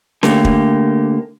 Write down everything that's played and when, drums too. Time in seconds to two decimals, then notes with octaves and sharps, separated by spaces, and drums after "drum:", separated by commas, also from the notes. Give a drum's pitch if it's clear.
0.23 D3 A3 A#3 G4, drum: snare C#4
0.45 drum: kick